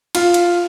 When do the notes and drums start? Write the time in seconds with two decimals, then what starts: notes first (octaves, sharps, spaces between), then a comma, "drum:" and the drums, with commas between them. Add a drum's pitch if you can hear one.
0.15 F4, drum: cymbal
0.34 drum: cymbal